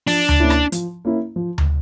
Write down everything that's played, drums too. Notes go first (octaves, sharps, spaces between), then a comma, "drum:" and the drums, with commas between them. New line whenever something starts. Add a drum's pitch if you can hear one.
F3 D4, drum: open hi-hat
drum: tom D2
A#3 C#4 E4
drum: rim click
F3, drum: hi-hat
A#3 C#4 E4
F3
drum: tom D2